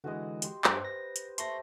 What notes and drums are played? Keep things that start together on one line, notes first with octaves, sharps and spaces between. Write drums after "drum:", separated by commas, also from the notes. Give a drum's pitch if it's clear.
D3 E3 G#3 F#4 D#5
G4 C6, drum: hi-hat
G2 G4 B4 C5 D6, drum: clap
A#6
drum: hi-hat
A3 C5 C6 C#6 A#6, drum: hi-hat